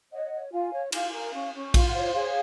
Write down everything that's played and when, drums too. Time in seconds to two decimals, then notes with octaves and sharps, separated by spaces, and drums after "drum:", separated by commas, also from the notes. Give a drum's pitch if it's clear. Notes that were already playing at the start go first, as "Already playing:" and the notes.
0.11 C#5 D#5 F#5
0.32 C#5
0.52 F4 F5 G#5
0.73 C#5
0.92 F4 F5 G#5, drum: cymbal
1.13 A#4
1.34 C#4
1.54 C#4
1.74 F4 F5, drum: kick A#1, cymbal
1.85 F#5
1.95 C5 C#5 F5
2.14 G#4 C#5 F5